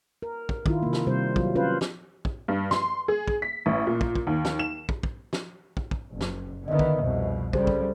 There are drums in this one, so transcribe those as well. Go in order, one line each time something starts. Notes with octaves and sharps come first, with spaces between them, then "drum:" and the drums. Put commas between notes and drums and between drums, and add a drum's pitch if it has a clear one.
A#4
drum: kick
D#3 E4 F4, drum: kick
C3 A#3
drum: snare
C3 G3 C5
F#3 F4, drum: kick
C#4 F4 B4 C5
drum: snare
drum: kick
G2
C6, drum: snare
G#4
drum: kick
B6
A1
A#2
drum: kick
drum: kick
D#2
drum: snare
E7
drum: kick
drum: kick
drum: snare
drum: kick
drum: kick
F#1
drum: snare
D3 D#3 B3 D#5 E5
drum: kick
C2 F2 B2
C#3 G3 G4 A4 C5, drum: kick
drum: kick